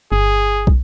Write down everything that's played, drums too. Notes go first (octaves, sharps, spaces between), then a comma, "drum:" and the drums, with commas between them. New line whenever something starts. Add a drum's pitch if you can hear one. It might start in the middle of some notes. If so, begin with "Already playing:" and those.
G1 G#4
drum: kick